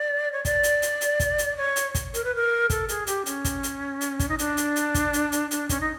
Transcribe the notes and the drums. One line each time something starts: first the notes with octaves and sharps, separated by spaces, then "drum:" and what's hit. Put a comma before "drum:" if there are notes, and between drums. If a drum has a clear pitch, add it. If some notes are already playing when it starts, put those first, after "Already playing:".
Already playing: D5
C#5
D5, drum: kick, hi-hat
drum: hi-hat
drum: hi-hat
drum: hi-hat
drum: kick, hi-hat
drum: hi-hat
C#5
drum: hi-hat
drum: kick, hi-hat
A#4, drum: hi-hat
B4
A#4
A4, drum: kick, hi-hat
G#4, drum: hi-hat
G4, drum: hi-hat
C#4, drum: hi-hat
drum: kick, hi-hat
drum: hi-hat
drum: hi-hat
drum: kick, hi-hat
D#4
D4, drum: hi-hat
drum: hi-hat
drum: hi-hat
drum: kick, hi-hat
drum: hi-hat
drum: hi-hat
D4, drum: hi-hat
C#4, drum: kick, hi-hat
D#4